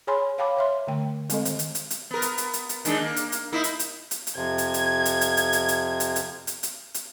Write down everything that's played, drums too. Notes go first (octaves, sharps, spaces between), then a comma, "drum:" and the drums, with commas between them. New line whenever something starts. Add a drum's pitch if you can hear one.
G#4 C#5 G#5 B5 C6
C#5 F5 G5 A5 B5 D6
C#5 E5 C6
D3 A3 G5
G#3 C4 A4 D#5, drum: hi-hat
D#3, drum: hi-hat
drum: hi-hat
drum: hi-hat
drum: hi-hat
B3 A#4
drum: hi-hat
drum: hi-hat
drum: hi-hat
drum: hi-hat
D#3 G#3 D4, drum: hi-hat
A#3
drum: hi-hat
drum: hi-hat
A#3 D#4 E4
drum: hi-hat
drum: hi-hat
drum: hi-hat
drum: hi-hat
F2 C3 G#6
drum: hi-hat
drum: hi-hat
drum: hi-hat
drum: hi-hat
drum: hi-hat
drum: hi-hat
drum: hi-hat
drum: hi-hat
drum: hi-hat
drum: hi-hat
drum: hi-hat
drum: hi-hat